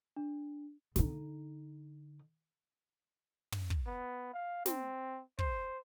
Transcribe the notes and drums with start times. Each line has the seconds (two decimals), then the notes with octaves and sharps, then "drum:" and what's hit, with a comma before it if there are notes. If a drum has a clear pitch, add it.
0.16 D4
0.96 D3 D#4, drum: snare
3.52 drum: tom
3.70 drum: kick
3.86 B3
4.33 F5
4.66 C4, drum: snare
5.39 C5, drum: kick